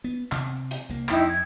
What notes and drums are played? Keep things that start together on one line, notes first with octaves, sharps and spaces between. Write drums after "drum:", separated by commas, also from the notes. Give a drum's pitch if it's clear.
B3
C3 C4, drum: clap
drum: hi-hat
C2 A#3
F2 D#4 E4 G5, drum: clap
G#6